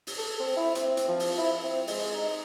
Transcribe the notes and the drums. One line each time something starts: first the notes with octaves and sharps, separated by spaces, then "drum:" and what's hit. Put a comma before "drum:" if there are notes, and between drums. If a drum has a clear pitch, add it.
drum: open hi-hat
A4
C4
E4
C4, drum: hi-hat
drum: hi-hat
F3
drum: open hi-hat
E4
C4
G#3, drum: open hi-hat
D#4